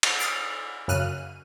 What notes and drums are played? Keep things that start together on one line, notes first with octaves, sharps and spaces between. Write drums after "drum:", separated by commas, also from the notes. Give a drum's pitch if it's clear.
drum: cymbal
D#6 F6 A6 C7 D7
F#2 C#3 F6 F#6 D#7